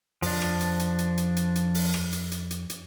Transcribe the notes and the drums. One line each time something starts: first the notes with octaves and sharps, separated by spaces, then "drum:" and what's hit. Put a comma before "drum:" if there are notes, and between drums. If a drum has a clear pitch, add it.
F2 F3 D4, drum: open hi-hat
drum: rim click
drum: hi-hat
drum: hi-hat
drum: hi-hat
drum: hi-hat
drum: hi-hat
drum: hi-hat
drum: open hi-hat
drum: rim click
drum: hi-hat
drum: hi-hat
drum: hi-hat
drum: hi-hat